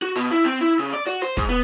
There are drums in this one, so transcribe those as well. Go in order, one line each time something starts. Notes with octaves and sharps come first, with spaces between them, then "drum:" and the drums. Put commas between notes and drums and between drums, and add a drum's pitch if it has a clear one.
F#4
B2, drum: open hi-hat
E4
C4
E4
C#3
D5
F#4, drum: hi-hat
C5, drum: hi-hat
G#2, drum: kick, hi-hat
B3